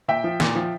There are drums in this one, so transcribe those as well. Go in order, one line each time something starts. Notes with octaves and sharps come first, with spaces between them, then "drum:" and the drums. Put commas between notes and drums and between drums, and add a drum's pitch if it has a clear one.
A#2 E5 G5
F3
A#2, drum: snare
F3